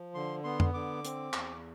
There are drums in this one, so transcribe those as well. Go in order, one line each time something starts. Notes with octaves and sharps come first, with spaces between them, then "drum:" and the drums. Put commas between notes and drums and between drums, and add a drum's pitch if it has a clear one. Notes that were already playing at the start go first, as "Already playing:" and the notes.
Already playing: F3
D3 C6
B3 C6
drum: tom F2
D3 D6
C4, drum: hi-hat
E2, drum: clap